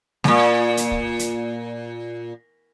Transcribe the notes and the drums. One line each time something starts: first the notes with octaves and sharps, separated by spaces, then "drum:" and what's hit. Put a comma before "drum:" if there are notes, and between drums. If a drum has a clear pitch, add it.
E2 A#2, drum: snare G#3
drum: hi-hat
drum: kick
drum: hi-hat